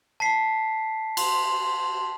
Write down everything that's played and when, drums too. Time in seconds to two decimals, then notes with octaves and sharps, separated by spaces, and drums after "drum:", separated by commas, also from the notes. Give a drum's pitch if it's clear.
0.20 A5 B6 C7
1.17 C6, drum: cymbal